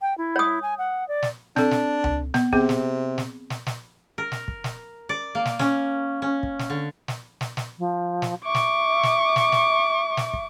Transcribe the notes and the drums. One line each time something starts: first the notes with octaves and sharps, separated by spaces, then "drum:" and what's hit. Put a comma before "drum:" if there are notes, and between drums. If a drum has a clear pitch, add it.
G5
E4
C#5 D#6
G#5
F#5
D5
drum: snare
C4 D4 A4, drum: snare
drum: snare
drum: tom C#2
B3, drum: snare
C3 B3 C4 G#4, drum: kick
drum: snare
drum: snare
drum: snare
drum: snare
A#4
drum: snare
drum: kick
drum: snare
D5
A#3
drum: snare
C#4, drum: snare
C#4
drum: kick
drum: snare
D3
drum: snare
drum: snare
drum: snare
F3
drum: snare
E5 C#6 D6
drum: snare
drum: snare
drum: snare
drum: snare
drum: snare
drum: kick